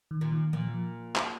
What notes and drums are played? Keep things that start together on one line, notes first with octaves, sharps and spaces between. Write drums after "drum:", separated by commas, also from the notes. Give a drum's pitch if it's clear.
D#3
A#2
D#3
A#2 F3
F3
drum: clap